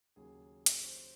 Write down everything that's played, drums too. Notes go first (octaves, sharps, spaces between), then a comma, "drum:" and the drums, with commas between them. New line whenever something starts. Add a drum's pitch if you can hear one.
D#2 C#3 F#3 G#4
drum: hi-hat
C5